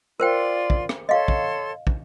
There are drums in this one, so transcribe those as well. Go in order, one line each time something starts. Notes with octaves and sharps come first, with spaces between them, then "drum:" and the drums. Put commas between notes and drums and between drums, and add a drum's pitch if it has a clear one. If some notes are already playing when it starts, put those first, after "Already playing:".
F4 A#4 C5 D5 G5 C6
drum: kick
drum: rim click
A4 C#5 D#5 F5 C6
drum: kick
drum: kick